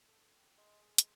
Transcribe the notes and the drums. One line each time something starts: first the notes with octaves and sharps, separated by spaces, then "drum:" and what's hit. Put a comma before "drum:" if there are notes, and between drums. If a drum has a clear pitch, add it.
A4
G5
G#3
G#3
C5, drum: hi-hat